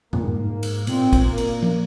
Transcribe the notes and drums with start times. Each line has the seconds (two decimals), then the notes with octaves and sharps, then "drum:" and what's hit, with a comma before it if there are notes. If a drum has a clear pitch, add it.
0.13 A#2 A#3, drum: tom F2
0.23 G#2
0.43 G#2
0.63 drum: cymbal
0.87 A#2 C4, drum: cymbal
1.13 drum: kick, cymbal
1.25 A#3
1.38 drum: cymbal
1.63 drum: tom F3